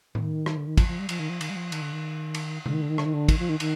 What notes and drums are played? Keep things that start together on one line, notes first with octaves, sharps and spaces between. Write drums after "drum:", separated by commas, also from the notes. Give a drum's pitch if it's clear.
D#3, drum: tom A2
drum: rim click
D3
D#3
F3, drum: kick, cymbal
F3
G3
F3, drum: cymbal
D#3
F3
D#3, drum: cymbal
G3
F3
D#3, drum: cymbal
D3
D#3
drum: cymbal
D3, drum: tom C3
D#3
D3
D#3
D3, drum: rim click
D#3
D3
D#3, drum: kick, cymbal
F3
D#3
D#3, drum: cymbal